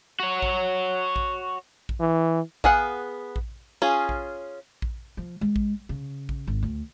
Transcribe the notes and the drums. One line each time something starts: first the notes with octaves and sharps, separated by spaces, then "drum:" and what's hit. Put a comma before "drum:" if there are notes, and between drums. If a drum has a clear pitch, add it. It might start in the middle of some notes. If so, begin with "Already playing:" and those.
F#4 C#5
drum: kick A#1
drum: kick A#1
drum: kick A#1
E3
B3 G#4 F5 F#5, drum: kick A#1
drum: kick A#1
C#4 F4 G#4
drum: kick A#1
drum: kick A#1
F3
G#3
drum: kick A#1
C#3
drum: kick A#1
G#1
D2